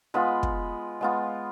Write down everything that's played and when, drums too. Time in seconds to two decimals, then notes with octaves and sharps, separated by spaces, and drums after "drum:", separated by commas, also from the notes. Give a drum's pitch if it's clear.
0.14 G#3 B3 F4 B5
0.43 drum: kick
1.01 G#3 B3 F4